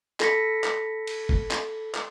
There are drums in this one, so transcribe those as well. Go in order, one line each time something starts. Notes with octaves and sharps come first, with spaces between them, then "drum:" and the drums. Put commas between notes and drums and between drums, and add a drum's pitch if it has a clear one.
A4 B5 A#6 B6 C#7, drum: clap
drum: clap
drum: cymbal
drum: kick
drum: clap
drum: clap